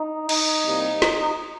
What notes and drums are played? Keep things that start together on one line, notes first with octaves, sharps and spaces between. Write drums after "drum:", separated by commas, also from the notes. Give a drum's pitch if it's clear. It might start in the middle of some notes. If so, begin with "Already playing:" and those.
Already playing: D#4
D#4, drum: cymbal
C2 C3 G3 A#3
drum: snare